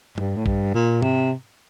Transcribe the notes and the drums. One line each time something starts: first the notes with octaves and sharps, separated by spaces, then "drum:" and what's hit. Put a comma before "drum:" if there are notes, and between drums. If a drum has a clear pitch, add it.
G2, drum: tom
A2
G2, drum: kick
A#2
C3, drum: tom G#2